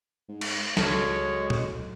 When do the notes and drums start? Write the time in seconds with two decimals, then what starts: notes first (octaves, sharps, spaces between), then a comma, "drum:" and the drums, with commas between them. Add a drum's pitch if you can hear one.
0.29 G#2
0.41 drum: cymbal
0.77 C#2 F#3 G#3 A4 C#5 F6, drum: snare
1.50 drum: tom